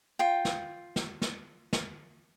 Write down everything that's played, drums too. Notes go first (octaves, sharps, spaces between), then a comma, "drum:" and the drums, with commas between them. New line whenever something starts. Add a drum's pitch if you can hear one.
F4 G5
drum: snare
drum: snare
drum: snare
drum: snare